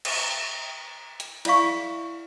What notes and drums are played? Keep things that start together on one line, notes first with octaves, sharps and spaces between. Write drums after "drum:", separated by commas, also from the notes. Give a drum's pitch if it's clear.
drum: cymbal
drum: hi-hat
E4 D5 E5 F5 C#6, drum: cymbal